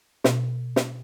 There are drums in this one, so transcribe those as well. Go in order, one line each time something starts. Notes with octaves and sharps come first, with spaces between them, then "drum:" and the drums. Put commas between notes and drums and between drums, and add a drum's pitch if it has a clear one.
B2, drum: snare
drum: snare